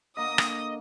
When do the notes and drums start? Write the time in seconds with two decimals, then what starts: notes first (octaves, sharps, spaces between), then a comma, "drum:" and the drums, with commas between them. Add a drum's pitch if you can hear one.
0.17 D3 A#3 D#5 D#6
0.38 drum: rim click